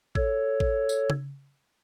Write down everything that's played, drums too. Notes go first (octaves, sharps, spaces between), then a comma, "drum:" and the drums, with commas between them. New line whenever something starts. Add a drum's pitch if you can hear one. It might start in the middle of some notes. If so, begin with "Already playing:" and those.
A4 C#5, drum: kick
drum: kick
drum: tambourine
drum: tom C#3